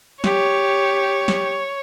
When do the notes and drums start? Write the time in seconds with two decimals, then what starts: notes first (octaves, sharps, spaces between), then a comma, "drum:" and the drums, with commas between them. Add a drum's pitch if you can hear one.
0.24 G4 C#5, drum: snare
1.28 drum: snare